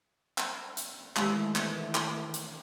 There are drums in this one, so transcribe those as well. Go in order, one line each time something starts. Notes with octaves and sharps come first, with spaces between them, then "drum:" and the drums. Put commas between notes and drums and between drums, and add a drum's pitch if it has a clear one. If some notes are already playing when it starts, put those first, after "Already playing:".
drum: clap
drum: hi-hat
D#3 E3 G#3 A3 G4, drum: clap
drum: clap
drum: clap
drum: hi-hat